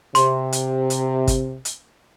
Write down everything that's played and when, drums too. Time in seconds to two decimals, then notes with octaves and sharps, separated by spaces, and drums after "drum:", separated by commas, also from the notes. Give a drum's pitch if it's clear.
0.15 C3 C6, drum: hi-hat
0.52 drum: hi-hat
0.90 drum: hi-hat
1.27 drum: kick, hi-hat
1.65 drum: hi-hat